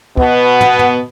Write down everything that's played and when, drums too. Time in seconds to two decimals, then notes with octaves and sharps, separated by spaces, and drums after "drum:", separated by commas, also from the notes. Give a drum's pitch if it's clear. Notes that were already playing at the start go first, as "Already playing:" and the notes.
0.17 B2 B3, drum: kick
0.61 drum: tom
0.79 drum: tom